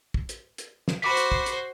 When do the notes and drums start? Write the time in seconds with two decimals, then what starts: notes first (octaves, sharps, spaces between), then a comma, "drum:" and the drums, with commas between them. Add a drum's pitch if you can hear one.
0.14 drum: kick
0.29 drum: hi-hat
0.58 drum: hi-hat
0.88 drum: snare
1.02 F#4 C5 B5 D6 B6
1.17 drum: hi-hat
1.32 drum: kick
1.46 drum: hi-hat